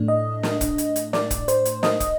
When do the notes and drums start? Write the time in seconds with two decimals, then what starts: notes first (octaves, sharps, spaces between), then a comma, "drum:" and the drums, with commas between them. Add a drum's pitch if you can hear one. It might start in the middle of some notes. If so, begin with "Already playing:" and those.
Already playing: A2 A3 D4
0.08 D#5
0.43 drum: snare
0.61 drum: kick, hi-hat
0.78 drum: hi-hat
0.96 drum: hi-hat
1.13 D5, drum: snare
1.31 drum: kick, hi-hat
1.48 C5, drum: hi-hat
1.65 drum: hi-hat
1.83 D#5, drum: snare
2.00 drum: kick, hi-hat